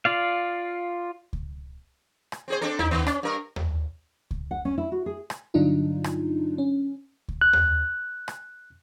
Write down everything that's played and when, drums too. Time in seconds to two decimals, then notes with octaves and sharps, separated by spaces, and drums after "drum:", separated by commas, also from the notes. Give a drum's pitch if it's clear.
0.05 F4 D5 F5
1.33 drum: kick C#2
2.32 drum: rim click
2.48 C4 G#4 C5
2.61 C4 D4 A4
2.79 D#4 E4, drum: tom D#2
2.91 D#3 B3
3.07 C#4, drum: rim click
3.23 G2 A#4
3.56 drum: tom D#2
4.31 drum: kick C#2
4.51 F#5
4.65 C#4
4.78 E4
4.92 F#4
5.06 G#4
5.30 drum: rim click
5.54 G2 D3 F#3 D4 D#4 F4
6.04 drum: rim click
6.58 C#4
7.28 drum: kick C#2
7.41 F#6
7.53 drum: tom D#2
8.28 drum: rim click